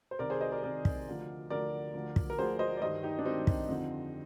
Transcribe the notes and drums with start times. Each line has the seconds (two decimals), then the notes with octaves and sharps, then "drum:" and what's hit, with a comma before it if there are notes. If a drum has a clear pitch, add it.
0.11 C5
0.19 C2 C3 D#3 A#4 D5
0.30 G#4 C5
0.41 C5 D#5
0.52 A#4 D5
0.63 C2 C3 D#3 A#4 D5
0.85 drum: kick
1.06 D2 D3 F3
1.50 D2 D3 F3 A#4 D5
1.94 D2 D3 F3
2.16 drum: kick
2.30 A#4
2.39 D2 D3 F3 G#4 C5
2.59 C5 D#5
2.77 D5
2.81 G2 D#3 C5 D#5
3.03 D#4 G4
3.19 D4
3.25 G2 D#3 C4 D#4
3.47 drum: kick
3.69 F2 D3 F3